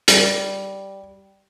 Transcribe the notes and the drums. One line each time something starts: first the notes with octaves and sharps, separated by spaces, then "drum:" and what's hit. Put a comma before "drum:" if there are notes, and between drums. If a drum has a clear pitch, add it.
G3, drum: hi-hat